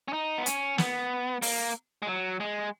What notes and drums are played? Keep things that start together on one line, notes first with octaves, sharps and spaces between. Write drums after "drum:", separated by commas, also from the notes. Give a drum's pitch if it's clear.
C#4
D#4
B3
C#4, drum: hi-hat
B3, drum: snare
A#3, drum: open hi-hat
G#3
F#3
G#3